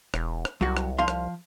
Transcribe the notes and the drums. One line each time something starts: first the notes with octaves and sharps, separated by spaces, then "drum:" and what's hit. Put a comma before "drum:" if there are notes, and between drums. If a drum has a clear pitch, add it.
E1, drum: rim click
drum: rim click
C2 F#3 F#4
drum: rim click
F3 F5 C6
drum: rim click